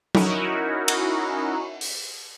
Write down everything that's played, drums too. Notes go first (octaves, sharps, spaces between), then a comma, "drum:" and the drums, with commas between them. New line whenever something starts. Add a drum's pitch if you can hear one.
C#4 D#4 E4 F#4 A#4, drum: tom F#3
drum: cymbal
drum: open hi-hat